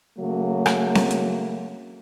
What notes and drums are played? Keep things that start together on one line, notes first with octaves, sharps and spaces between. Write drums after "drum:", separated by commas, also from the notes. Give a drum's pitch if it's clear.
C#3 F#3 A3 A#3
drum: rim click
drum: snare C4
drum: hi-hat